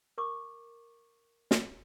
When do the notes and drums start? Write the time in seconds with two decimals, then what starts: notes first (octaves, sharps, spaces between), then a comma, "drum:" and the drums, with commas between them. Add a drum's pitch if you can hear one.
0.18 A#4 C#6 D6
1.51 drum: snare